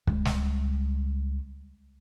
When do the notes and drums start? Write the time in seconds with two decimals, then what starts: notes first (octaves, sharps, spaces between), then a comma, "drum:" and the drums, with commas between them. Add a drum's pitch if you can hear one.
0.07 C#2 G3, drum: kick
0.25 drum: snare